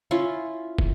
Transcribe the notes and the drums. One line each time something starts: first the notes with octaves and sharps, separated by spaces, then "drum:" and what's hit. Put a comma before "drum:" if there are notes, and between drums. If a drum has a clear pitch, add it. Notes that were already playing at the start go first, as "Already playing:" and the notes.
C#4 E4 F4
drum: kick